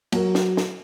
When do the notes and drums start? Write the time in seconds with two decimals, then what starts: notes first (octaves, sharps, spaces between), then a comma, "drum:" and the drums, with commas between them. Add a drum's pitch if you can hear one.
0.12 F#3 A#4, drum: cymbal
0.35 drum: snare
0.57 drum: snare